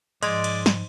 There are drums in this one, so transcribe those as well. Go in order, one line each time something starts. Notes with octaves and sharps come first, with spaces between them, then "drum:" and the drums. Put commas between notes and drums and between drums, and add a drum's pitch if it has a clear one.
G#2 F3 G#3 D5 D#5 C6, drum: cymbal
drum: cymbal
drum: snare